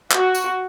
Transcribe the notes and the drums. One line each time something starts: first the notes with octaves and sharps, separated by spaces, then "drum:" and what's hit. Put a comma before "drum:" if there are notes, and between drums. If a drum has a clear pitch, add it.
F#4, drum: clap
drum: tambourine